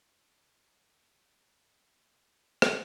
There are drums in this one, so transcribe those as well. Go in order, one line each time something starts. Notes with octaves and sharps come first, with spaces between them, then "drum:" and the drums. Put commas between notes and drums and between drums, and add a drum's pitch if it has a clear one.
G4
G#4
G#4
G4
F4
G4
G4
G4
G#4
G#4
G4
G#4
G4
G#4
drum: rim click